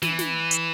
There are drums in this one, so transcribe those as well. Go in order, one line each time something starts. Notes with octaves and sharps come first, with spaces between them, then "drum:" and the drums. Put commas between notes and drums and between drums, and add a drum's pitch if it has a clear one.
E3, drum: snare
drum: snare
drum: hi-hat